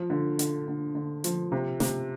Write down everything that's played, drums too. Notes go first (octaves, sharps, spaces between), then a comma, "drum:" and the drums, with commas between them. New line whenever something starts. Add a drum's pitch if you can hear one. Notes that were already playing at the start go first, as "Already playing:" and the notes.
Already playing: F3
D3
D3, drum: hi-hat
D3
D3
F3, drum: hi-hat
C3
C3, drum: snare